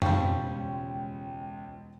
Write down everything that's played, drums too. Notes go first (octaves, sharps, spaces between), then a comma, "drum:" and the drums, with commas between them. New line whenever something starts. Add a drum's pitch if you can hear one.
E1 C#2 F3 G3 C#5 G5 C#6, drum: tom F2